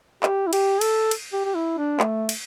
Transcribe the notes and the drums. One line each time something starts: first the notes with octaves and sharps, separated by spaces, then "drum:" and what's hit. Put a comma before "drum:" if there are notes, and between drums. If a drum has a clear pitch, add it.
G4, drum: clap
E4
G4, drum: cymbal
A4, drum: cymbal
drum: cymbal
G4
G4
E4
D4
A3, drum: clap
drum: cymbal